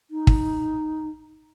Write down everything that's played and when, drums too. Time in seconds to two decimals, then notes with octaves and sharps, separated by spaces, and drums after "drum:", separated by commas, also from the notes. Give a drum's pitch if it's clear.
0.11 D#4
0.27 drum: kick